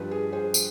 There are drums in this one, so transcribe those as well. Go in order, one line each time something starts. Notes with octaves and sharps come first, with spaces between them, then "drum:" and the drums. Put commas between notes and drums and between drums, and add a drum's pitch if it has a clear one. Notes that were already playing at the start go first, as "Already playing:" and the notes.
Already playing: G2 F3 G4 B4
G#4
G#4 C5
drum: tambourine